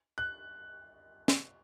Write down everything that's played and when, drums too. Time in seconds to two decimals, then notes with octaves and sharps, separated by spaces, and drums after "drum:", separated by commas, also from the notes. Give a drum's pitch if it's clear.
0.18 F#6
1.28 drum: snare